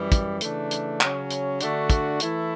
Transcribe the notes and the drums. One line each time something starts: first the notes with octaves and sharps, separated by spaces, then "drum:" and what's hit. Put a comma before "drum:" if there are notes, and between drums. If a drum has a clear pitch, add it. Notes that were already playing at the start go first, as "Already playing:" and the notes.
Already playing: F#2 E3 G3
drum: kick, hi-hat
C#3 E3 A3 D4, drum: hi-hat
drum: hi-hat
C#3 F#3 C#4, drum: clap
drum: hi-hat
D3 A3 D4 F#4, drum: hi-hat
drum: kick, hi-hat
E3 A3 E4, drum: hi-hat